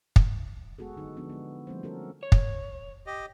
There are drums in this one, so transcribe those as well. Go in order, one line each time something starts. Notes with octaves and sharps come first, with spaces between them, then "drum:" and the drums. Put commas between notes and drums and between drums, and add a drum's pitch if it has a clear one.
drum: kick
G#3 B3 F#4 G#4 A4
D3 F#3 D#4
F3 B3 D4 D#4
G#3 B3
F3 G3 A3 C4 D4 C5
C#4 F#4 A4 A#4
C#5
drum: kick
G4 D#5